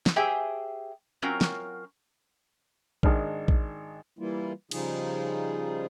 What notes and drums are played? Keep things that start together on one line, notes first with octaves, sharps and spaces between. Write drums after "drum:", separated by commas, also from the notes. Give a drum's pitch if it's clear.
drum: snare
G4 G#4 C5 E5 G5 G#5
F#3 C4 C#4 F4 F#4 A#4
drum: snare
G#1 D#3 G#3 D4 F6, drum: kick
drum: kick
E3 G3 A#3 E4 F4
C#3 F3 G3 D#4 F4 G#4, drum: cymbal